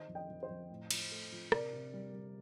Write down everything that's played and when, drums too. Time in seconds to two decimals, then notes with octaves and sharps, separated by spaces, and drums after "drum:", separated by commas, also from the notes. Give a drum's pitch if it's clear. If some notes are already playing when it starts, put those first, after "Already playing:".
Already playing: D#3 C5 D#5
0.08 F2
0.15 D#5 G5
0.29 F2
0.43 C5 D#5
0.49 F2
0.70 A2
0.91 F3, drum: cymbal
1.12 A3
1.32 F3
1.52 C3 A#4 D5, drum: rim click
1.73 C3
1.94 G3
2.14 G3